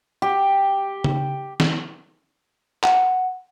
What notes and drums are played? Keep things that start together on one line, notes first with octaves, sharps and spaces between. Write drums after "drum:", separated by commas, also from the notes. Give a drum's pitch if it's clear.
G4
drum: tom C#3
drum: snare
F#5, drum: clap